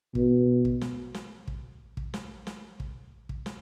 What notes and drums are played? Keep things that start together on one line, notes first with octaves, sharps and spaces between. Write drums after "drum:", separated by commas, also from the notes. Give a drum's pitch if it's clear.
B2, drum: kick
drum: kick
drum: snare
drum: snare
drum: kick
drum: kick
drum: snare
drum: snare
drum: kick
drum: kick
drum: snare